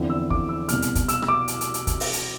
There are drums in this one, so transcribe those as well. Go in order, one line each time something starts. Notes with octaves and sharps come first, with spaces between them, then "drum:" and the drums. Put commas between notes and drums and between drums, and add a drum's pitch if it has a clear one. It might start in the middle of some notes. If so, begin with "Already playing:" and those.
Already playing: E2 D3 F3 C4 E4
E6
D6, drum: kick
E6
C2 B2 B3 F6, drum: hi-hat
drum: hi-hat
drum: kick, hi-hat
E6, drum: hi-hat
E6, drum: rim click
D6
drum: hi-hat
drum: hi-hat
drum: hi-hat
drum: kick, hi-hat
drum: open hi-hat
drum: hi-hat